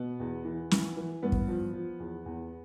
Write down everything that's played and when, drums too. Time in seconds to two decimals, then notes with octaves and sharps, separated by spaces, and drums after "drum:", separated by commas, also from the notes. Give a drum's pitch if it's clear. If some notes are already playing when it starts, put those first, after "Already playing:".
Already playing: B2 B3
0.20 E2
0.45 E3
0.71 E3, drum: snare
0.97 E3
1.23 G2 B3
1.32 drum: kick
1.48 F3
1.73 F3
2.00 E2
2.26 E2